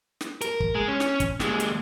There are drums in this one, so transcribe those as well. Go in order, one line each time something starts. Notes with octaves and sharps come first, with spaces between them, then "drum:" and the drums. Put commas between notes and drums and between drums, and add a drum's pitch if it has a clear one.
drum: snare
A#4, drum: hi-hat
drum: kick
G#3
C#4
drum: snare
drum: kick, hi-hat
D#2 G#3, drum: snare
drum: hi-hat